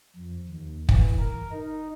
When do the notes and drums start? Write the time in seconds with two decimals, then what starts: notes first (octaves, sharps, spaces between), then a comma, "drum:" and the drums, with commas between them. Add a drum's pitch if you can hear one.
0.16 F2
0.49 D#2
0.89 E3, drum: kick
1.19 A#4
1.52 D#4